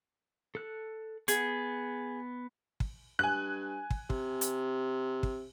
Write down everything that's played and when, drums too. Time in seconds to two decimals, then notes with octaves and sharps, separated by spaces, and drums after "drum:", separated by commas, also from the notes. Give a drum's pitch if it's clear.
0.55 A4 F#6
1.28 B3 G#4, drum: hi-hat
2.80 drum: kick
3.19 G2 G#5 F#6
3.90 drum: kick
4.10 C3, drum: kick
4.41 drum: hi-hat
5.23 drum: kick